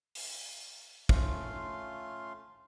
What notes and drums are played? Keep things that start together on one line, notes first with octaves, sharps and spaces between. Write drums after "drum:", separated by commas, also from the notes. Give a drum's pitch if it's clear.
drum: open hi-hat
A3 C#4 F4 F5 C6, drum: kick